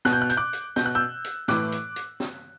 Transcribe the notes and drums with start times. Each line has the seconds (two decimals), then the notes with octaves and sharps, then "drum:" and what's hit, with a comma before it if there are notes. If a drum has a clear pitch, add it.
0.05 B2 F#6, drum: snare
0.13 G6
0.22 F#6
0.30 G6, drum: hi-hat
0.37 D6 F#6
0.53 drum: hi-hat
0.76 B2 G6, drum: snare
0.86 F#6
0.95 E6 G6
1.25 drum: hi-hat
1.48 A2 E3 D6 F#6, drum: snare
1.72 drum: hi-hat
1.96 drum: hi-hat
2.20 drum: snare